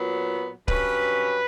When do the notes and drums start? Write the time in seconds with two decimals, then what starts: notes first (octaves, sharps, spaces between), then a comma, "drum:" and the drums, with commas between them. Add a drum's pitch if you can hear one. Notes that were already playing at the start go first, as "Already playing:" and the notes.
Already playing: A#2 F#3 B3
0.68 G2 F#3 C#4 B4, drum: kick C#1